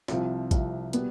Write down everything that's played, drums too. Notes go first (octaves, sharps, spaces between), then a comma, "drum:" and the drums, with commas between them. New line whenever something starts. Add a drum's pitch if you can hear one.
C2 C3 F3, drum: snare
C2 C3 F3, drum: kick, hi-hat
B2 G3 B3, drum: hi-hat